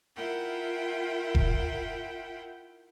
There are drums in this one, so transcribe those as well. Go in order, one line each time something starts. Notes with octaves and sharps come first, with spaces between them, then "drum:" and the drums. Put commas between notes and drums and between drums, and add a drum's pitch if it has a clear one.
E4 F4 A#4 F#5 G5
drum: kick E1